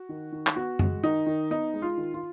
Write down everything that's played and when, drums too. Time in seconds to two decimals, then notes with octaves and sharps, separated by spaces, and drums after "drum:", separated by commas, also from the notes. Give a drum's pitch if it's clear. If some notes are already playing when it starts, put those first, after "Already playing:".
Already playing: F#4
0.09 D#3
0.32 D#3
0.47 drum: clap
0.56 B3 F#4
0.79 G#3, drum: tom F#2
1.03 D#3 D#4
1.26 D#3
1.51 B3 D#4
1.74 G#3
1.82 F4
1.97 D#3
2.14 F4